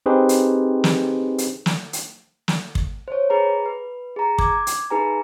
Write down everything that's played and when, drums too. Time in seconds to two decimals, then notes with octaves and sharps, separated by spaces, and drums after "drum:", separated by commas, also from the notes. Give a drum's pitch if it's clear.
0.06 C4 D#4 G4 G#4 B4 C5
0.29 drum: hi-hat
0.84 drum: snare
1.38 drum: hi-hat
1.66 drum: snare
1.93 drum: hi-hat
2.48 drum: snare
2.75 drum: kick
3.08 C5 C#5
3.30 G#4 B4 A#5
3.66 B4
4.16 G#4 A#5
4.38 D6 G#6, drum: kick
4.67 drum: hi-hat
4.90 D#4 G#4 B4 G#5 A#5